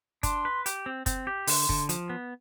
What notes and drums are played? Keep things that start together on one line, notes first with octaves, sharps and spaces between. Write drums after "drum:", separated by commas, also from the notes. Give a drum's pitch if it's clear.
D4 C6, drum: kick, hi-hat
B4
G4, drum: hi-hat
C4
C4, drum: kick, hi-hat
G4
D3 C6, drum: open hi-hat
D3, drum: kick
F3, drum: hi-hat
B3